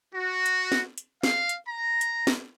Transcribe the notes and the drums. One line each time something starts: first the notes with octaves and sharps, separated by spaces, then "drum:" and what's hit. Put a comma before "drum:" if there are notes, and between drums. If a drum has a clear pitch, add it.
F#4
drum: hi-hat
drum: snare
drum: hi-hat
F5, drum: snare
drum: hi-hat
A#5
drum: hi-hat
drum: snare